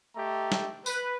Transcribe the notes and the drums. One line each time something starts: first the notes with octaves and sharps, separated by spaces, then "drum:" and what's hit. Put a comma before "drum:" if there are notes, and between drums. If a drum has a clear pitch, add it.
A3 G4 D#5 A#5
drum: snare
B4, drum: tambourine